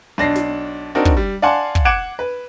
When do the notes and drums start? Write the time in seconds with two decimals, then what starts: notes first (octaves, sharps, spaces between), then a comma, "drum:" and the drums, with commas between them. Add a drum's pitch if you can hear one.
0.18 B1 D4 A#6 C7
0.36 drum: snare
0.95 C4 D4 D#4 F#4 A#4
1.05 drum: kick
1.17 G3
1.42 D5 F5 F#5 G#5 A5 C6
1.75 drum: kick
1.85 F#5 D6 G#6 D7 E7
2.19 B4